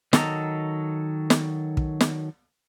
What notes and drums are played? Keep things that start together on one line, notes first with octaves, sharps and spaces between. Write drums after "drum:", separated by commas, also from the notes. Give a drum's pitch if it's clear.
D#3 F#3 A4 C5 D#5 A#5, drum: snare
drum: snare
drum: kick
drum: snare